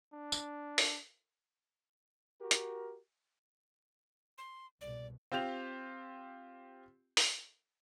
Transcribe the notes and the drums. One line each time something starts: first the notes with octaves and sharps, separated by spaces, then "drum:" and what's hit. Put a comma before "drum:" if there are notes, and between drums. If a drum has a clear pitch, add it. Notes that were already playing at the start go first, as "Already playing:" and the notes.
D4
drum: tambourine
drum: open hi-hat
F#4 G4 A#4
drum: hi-hat
C6
C2 G#2 B2 D5
C4 F4 G4 G6 F7
drum: open hi-hat